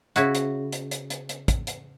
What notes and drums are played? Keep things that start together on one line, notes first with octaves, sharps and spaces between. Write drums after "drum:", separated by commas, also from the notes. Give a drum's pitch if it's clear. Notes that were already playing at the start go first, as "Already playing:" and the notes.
C#3 E4 F#4, drum: hi-hat
drum: hi-hat
drum: hi-hat
drum: hi-hat
drum: hi-hat
drum: hi-hat
drum: kick, hi-hat
drum: hi-hat